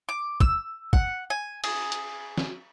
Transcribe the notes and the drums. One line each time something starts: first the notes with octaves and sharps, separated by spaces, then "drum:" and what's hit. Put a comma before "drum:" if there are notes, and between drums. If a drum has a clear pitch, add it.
D6
E6, drum: kick
F#5, drum: kick
G#5
G#4, drum: cymbal
drum: hi-hat
drum: snare